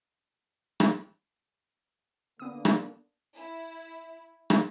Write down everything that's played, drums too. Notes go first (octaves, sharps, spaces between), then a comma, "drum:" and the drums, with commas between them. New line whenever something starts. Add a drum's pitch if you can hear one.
drum: rim click
D3 A#3 B3 D4 D#6
drum: rim click
E4
drum: rim click